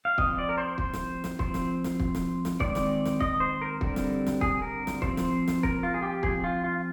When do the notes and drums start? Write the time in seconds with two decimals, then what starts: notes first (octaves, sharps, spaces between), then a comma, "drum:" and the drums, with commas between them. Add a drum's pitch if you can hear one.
0.05 F5
0.18 F3 C4 D#5, drum: kick
0.38 D5
0.49 A#4
0.58 C5
0.78 C5, drum: kick
0.94 drum: snare
1.24 drum: snare
1.39 F3 C4 C5, drum: kick
1.54 drum: snare
1.84 drum: snare
2.00 drum: kick
2.15 drum: snare
2.45 drum: snare
2.60 D#3 G#3 C4 D5, drum: kick
2.75 drum: snare
3.05 drum: snare
3.20 D#5, drum: kick
3.40 C5
3.62 A#4
3.81 D3 G3 C4, drum: kick
3.96 drum: snare
4.27 drum: snare
4.41 G#4, drum: kick
4.62 A#4
4.87 drum: snare
5.02 F3 C4 C5, drum: kick
5.17 drum: snare
5.48 drum: snare
5.63 A#4, drum: kick
5.83 F4
5.94 G#4
6.03 G4
6.23 F3 C4 G#4, drum: kick
6.44 F4
6.64 F4